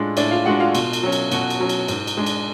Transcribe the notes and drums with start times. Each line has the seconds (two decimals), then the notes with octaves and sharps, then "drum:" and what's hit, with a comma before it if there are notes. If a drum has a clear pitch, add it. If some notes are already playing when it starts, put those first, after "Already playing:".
Already playing: A2 G#3 D4 F4
0.17 A2 D4 D5, drum: cymbal
0.31 F4 F5
0.45 G#3 D4 F#4 F#5
0.60 F4 F5
0.75 B2, drum: cymbal
0.93 drum: cymbal
1.03 F#3 C#4
1.12 drum: cymbal
1.32 B2 F#4 F#5, drum: cymbal
1.50 drum: cymbal
1.60 F#3 C#4
1.69 drum: cymbal
1.88 G#2, drum: cymbal
2.07 drum: cymbal
2.17 G#3 D4
2.26 drum: cymbal